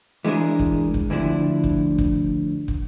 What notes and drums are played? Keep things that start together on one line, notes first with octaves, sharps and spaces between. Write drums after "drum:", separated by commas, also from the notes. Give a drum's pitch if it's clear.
E3 G#3 D4 G#4 A#4
drum: kick
drum: kick
D2 D3 F3 D4 E4
drum: kick
drum: kick
drum: kick